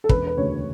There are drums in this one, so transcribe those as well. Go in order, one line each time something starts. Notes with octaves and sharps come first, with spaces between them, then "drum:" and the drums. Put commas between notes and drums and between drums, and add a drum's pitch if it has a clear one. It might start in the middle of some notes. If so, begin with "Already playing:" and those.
A4
E1 B4, drum: kick
B4
D2 C#3 C#5